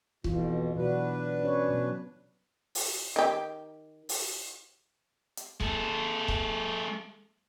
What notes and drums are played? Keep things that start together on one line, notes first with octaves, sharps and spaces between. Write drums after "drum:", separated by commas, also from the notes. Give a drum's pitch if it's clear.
F2 B2 E3 F4, drum: kick C#1
B2 F#3 D4 F#4 B4
C#4 C#5
B2 F#3
drum: open hi-hat
D#3 G4
drum: open hi-hat
drum: hi-hat
G#3 A4, drum: kick C#1
drum: kick C#1